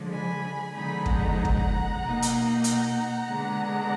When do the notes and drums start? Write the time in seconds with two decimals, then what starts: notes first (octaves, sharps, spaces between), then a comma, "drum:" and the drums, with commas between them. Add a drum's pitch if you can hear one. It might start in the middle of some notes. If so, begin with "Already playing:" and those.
Already playing: D3 F3 G#3 D4
0.11 G#5 B5
0.74 D3 F3 G#3 B3 D#4 G#5 B5
1.06 F#5 A#5, drum: kick
1.45 drum: kick
2.02 B2 A#3 D#4
2.22 drum: hi-hat
2.64 F#5 A#5, drum: hi-hat
3.28 D3 G#3 B3 D4